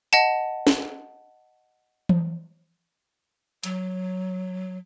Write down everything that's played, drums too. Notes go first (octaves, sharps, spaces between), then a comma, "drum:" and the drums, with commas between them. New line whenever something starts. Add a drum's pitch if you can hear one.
D#5 F#5 A5, drum: hi-hat
drum: snare
drum: tom E3
F#3, drum: hi-hat